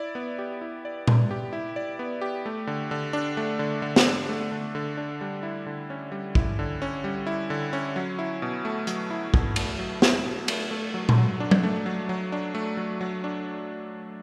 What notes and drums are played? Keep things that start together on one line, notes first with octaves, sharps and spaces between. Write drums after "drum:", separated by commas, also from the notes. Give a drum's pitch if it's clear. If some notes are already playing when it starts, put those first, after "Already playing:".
Already playing: E4 D5
B3
G4
E4
D5
B3, drum: tom A#2
G4
E4
D5
B3
G4
A3
D3
D3
D4
A3
D3
D3
drum: snare
D4
A3
D3
D3
D4
G3
E4
D3
C#4
G3
E4, drum: kick
D3
C#4
G3
E4
D3
C#4
F#3
E4
B2
A3
F#3, drum: hi-hat
E4
B2, drum: kick
A3, drum: cymbal
F#3
E4, drum: snare
B2
A3, drum: cymbal
A3
F#3
drum: tom A#2
F#3
D4
drum: tom F#3
A3
F#3
F#3
D4
A3
F#3
F#3
D4